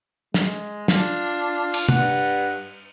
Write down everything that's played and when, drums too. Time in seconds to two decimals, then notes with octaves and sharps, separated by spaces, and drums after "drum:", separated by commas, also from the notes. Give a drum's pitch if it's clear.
0.34 G#3, drum: snare
0.88 D4 F4, drum: snare
1.74 drum: cymbal
1.89 G2 F#5, drum: tom